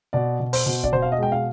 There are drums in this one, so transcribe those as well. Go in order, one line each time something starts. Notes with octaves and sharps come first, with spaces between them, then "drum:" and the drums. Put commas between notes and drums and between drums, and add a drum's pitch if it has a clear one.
B2 D5
B2
C5, drum: open hi-hat
B2
D5, drum: kick
B2 C5
F5
D#5
G#3 G5
F5